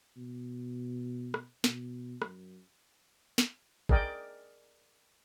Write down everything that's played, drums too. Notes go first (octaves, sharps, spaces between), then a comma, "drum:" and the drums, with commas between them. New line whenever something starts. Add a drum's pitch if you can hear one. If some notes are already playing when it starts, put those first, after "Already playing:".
B2
drum: rim click
B2, drum: snare
F#2, drum: rim click
drum: snare
G#4 A#4 D5 D#5 G5, drum: kick